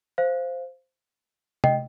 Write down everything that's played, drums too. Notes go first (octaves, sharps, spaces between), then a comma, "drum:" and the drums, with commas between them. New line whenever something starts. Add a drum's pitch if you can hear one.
C5 F5
D#5 G5, drum: tom C3